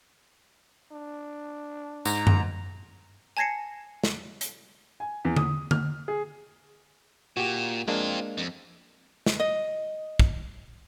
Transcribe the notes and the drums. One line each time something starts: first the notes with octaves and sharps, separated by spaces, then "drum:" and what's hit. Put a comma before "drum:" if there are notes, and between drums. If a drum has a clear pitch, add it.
D4
G#2 A#5, drum: tambourine
drum: tom F#2
G#5 A5 G#6 A#6 C7 C#7
drum: snare
drum: hi-hat
G#5
E2
D#6, drum: tom D3
F6, drum: tom D3
G#4
A#2 F#4 G4
G#3 A#3 C4 D4 F4
F2
drum: snare
D#5
drum: kick